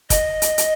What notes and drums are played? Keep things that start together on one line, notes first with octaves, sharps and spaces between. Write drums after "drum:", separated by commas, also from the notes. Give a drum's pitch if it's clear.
D#5, drum: kick, hi-hat
drum: hi-hat
drum: hi-hat